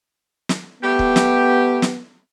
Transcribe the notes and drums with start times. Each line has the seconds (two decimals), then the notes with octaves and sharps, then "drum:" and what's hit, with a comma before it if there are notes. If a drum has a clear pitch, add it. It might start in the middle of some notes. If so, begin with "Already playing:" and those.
0.49 drum: snare
0.82 G3 A3 B3 G4
0.99 drum: kick
1.16 drum: snare
1.82 drum: snare